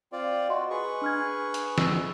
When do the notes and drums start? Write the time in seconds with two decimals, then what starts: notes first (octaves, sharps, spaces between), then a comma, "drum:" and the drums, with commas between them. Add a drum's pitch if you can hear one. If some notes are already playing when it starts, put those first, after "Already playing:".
0.12 C4 F4 D5
0.49 F#4 D#5 C6
0.70 G#4 B4 C#6
1.02 D4 F6 G#6
1.54 drum: hi-hat
1.78 E6, drum: snare